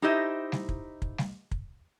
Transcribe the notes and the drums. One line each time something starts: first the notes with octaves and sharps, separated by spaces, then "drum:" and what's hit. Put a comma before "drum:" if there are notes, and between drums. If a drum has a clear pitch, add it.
D#4 E4 G4 C5 D#5 E5
drum: snare G3
drum: kick
drum: kick
drum: snare G3
drum: kick